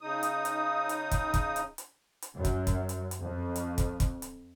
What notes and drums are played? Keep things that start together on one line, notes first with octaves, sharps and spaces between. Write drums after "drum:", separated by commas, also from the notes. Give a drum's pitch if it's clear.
C#3 D#4 D#6
drum: hi-hat
drum: hi-hat
drum: hi-hat
drum: kick, hi-hat
drum: kick, hi-hat
drum: hi-hat
drum: hi-hat
drum: hi-hat
F#2
drum: kick, hi-hat
drum: kick, hi-hat
drum: hi-hat
drum: hi-hat
F2
drum: hi-hat
drum: kick, hi-hat
drum: kick, hi-hat
drum: hi-hat